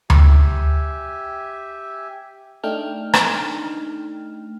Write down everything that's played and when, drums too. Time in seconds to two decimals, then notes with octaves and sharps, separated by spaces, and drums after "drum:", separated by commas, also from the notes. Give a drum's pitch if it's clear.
0.10 G4 E5 G#5, drum: tom D2
2.63 A3 D4 D#4 G5 F6
3.14 drum: rim click